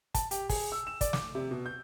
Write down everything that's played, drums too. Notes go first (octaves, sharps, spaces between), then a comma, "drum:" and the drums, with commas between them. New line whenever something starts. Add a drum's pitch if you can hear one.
A5, drum: kick, hi-hat
G4, drum: hi-hat
G#4, drum: kick, open hi-hat
E6
E7
D5, drum: kick, hi-hat
D6, drum: snare
C3
B2
G6